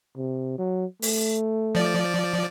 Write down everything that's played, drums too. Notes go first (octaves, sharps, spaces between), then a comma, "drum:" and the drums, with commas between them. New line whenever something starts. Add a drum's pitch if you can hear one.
C3
F#3
A3, drum: open hi-hat
F3 D5